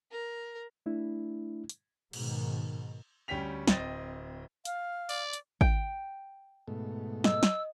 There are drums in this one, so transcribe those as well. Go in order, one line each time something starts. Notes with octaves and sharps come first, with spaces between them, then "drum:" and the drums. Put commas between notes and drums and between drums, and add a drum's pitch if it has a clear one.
A#4
A3 D4 E4
drum: hi-hat
G#2 B2 D#3, drum: cymbal
D2 G3 C#4 G5 B6 F7
D1 C4 D#5 A6, drum: snare
F5, drum: hi-hat
D5, drum: open hi-hat
drum: hi-hat
G5, drum: kick G#1
G#2 B2 A3
D#5 E6, drum: snare
drum: snare